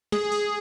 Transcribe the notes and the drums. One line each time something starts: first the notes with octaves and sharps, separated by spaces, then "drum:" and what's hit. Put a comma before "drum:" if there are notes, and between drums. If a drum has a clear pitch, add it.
G#4, drum: snare
drum: open hi-hat